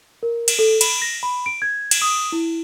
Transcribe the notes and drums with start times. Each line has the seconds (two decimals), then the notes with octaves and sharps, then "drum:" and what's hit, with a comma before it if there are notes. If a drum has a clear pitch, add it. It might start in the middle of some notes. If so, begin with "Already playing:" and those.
0.23 A#4
0.48 drum: cymbal
0.59 A4
0.81 B5, drum: cymbal
1.02 A#6
1.23 B5
1.46 D7
1.62 G#6
1.91 drum: cymbal
2.02 D#6
2.32 E4